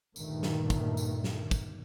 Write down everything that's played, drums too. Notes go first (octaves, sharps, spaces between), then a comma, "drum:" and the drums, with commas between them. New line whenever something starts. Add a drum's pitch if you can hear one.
D2 G2 A#2 D#3 A3, drum: tambourine
drum: snare
drum: kick, tambourine
drum: tambourine
drum: snare
drum: kick, tambourine